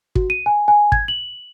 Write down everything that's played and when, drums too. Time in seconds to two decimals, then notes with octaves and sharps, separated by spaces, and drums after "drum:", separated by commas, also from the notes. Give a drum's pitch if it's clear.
0.15 F#4, drum: kick
0.30 D#7
0.46 G#5
0.68 G#5
0.92 G#6, drum: kick
1.08 F#7